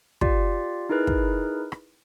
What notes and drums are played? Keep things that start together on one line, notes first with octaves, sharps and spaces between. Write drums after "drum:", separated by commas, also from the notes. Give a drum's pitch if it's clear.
F4 G4 D5, drum: kick
D#4 E4 G#4 A#4 B4
drum: kick
drum: rim click